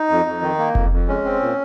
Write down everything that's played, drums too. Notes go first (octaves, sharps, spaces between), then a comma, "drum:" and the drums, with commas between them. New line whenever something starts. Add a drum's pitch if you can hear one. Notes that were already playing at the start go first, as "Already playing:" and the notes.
Already playing: D#4
F2
F2
D#3
A#3
F2, drum: kick F1
F2
G#3 C#4
C4
A#2